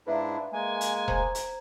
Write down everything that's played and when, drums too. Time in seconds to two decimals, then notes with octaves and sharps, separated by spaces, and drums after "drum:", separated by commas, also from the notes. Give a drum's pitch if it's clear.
0.07 G#2 D4 E4 B4 E5 F5
0.52 G#3 A#3 G#5
0.81 drum: hi-hat
1.08 C5 A#5 G#6, drum: kick E1
1.35 drum: hi-hat